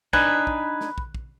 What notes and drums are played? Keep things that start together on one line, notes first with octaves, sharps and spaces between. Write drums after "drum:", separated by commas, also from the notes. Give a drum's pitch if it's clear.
D4 D#4 B4 G#5, drum: kick
drum: kick
drum: snare
drum: kick
drum: kick